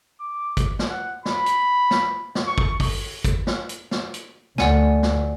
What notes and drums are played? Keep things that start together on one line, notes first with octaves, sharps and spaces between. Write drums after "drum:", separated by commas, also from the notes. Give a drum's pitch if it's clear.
D6
drum: kick, hi-hat
drum: snare
F#5
B5, drum: snare
drum: hi-hat
drum: snare
drum: snare
C#6
drum: kick
drum: kick, open hi-hat
drum: kick, hi-hat
drum: snare
drum: hi-hat
drum: snare
drum: hi-hat
D2 D5 F#5 G#5, drum: snare
drum: snare